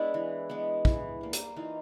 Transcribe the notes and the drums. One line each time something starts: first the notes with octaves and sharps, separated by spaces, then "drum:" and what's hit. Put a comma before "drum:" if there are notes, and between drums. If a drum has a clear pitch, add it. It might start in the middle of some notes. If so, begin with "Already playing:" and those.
Already playing: G#3 B3 D4 E4
E3
G#3 B3
E3, drum: kick
G3 A#3
drum: hi-hat
E3 D#4 F4